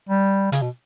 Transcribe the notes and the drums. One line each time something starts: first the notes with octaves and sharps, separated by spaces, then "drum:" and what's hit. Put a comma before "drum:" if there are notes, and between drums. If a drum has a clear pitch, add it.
G3
C#3, drum: hi-hat
B2